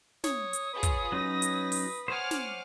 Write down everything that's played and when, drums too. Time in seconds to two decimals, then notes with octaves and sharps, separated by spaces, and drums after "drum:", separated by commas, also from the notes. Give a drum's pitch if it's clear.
0.24 C#5 D#6, drum: snare
0.53 drum: hi-hat
0.73 F4 G#4 B4 C#5
0.83 drum: kick, hi-hat
1.12 F#3 C#4 D#4 A#6
1.42 drum: hi-hat
1.72 drum: open hi-hat
2.08 C5 C#5 F#5 G#5 D6 F6
2.31 drum: snare